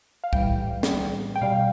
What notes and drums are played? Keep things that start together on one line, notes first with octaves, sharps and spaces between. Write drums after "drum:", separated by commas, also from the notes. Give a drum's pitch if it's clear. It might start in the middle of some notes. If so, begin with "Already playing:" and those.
F5
A2 E3 G3 G5, drum: kick
drum: snare
G5
B2 G3 F5